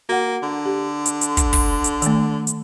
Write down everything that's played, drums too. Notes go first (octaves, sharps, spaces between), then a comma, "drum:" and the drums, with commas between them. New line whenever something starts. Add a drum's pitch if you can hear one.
A#3 F#4 F#5
D3
G4
drum: hi-hat
drum: hi-hat
drum: kick, hi-hat
drum: kick, open hi-hat
drum: hi-hat
D#3 A3, drum: hi-hat
drum: hi-hat